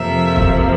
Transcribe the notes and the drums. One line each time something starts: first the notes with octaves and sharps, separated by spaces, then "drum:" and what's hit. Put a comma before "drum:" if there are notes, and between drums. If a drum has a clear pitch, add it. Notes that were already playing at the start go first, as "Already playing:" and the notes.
Already playing: F2 C3 F3 A#3 E5
drum: kick